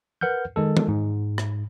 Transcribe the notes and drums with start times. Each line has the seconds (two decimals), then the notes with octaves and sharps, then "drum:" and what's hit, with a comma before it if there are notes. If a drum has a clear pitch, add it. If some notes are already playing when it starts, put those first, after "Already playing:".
0.21 A#4 B4 F#5 F6 G6
0.56 D#3 G#3 A4
0.77 drum: tom D#3
0.88 G#2
1.38 drum: rim click